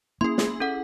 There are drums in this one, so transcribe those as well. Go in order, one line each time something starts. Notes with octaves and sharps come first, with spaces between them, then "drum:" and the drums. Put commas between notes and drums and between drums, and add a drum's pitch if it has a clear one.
A#3 C#4 E4 G#4 C6
drum: snare
C#4 A4 F#5